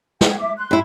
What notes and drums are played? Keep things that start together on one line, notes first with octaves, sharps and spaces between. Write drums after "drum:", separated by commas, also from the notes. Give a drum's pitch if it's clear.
G#4 F#5 G5, drum: snare
E5 D6
C6 F#6
G2 E4